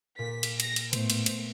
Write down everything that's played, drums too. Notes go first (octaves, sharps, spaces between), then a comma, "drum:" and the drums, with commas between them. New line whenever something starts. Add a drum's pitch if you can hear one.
A#2 B6
drum: cymbal
A#6, drum: cymbal
drum: cymbal
A2 A3 B3 C5, drum: cymbal
drum: cymbal
drum: cymbal